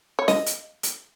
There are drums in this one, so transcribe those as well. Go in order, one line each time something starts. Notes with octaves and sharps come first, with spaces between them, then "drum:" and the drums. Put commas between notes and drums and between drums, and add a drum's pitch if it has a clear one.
C#5
D#5, drum: snare
drum: hi-hat
drum: hi-hat